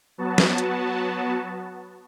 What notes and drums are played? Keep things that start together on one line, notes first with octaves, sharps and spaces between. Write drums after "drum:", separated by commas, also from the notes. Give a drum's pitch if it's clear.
F#3 B3 F#4 A5
drum: snare
drum: hi-hat